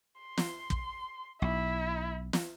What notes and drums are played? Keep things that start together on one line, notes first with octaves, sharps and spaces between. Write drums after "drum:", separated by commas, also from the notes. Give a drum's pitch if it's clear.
C6
drum: snare
drum: kick
B1 E4
drum: snare